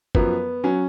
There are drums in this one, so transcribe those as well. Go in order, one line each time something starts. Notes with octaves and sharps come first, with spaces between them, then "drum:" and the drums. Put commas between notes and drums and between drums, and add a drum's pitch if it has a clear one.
F#2 F3 B3, drum: kick F#1
F#3 C#4